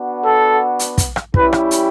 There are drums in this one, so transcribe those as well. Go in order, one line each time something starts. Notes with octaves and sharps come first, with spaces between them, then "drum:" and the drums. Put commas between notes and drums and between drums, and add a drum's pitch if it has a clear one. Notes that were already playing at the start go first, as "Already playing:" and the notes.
Already playing: B3 D4 F#4
A4
drum: hi-hat
drum: kick, hi-hat
drum: rim click
G3 C#4 E4 G4 B4, drum: kick
drum: rim click
drum: hi-hat